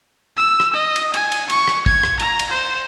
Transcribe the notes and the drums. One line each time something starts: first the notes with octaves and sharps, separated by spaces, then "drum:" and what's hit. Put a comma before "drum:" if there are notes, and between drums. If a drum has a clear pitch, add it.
E6
drum: rim click
D#5
drum: cymbal
G#5, drum: cymbal
drum: cymbal
C#6, drum: cymbal
drum: rim click
G#6, drum: kick
drum: rim click
A#5, drum: cymbal
drum: cymbal
C5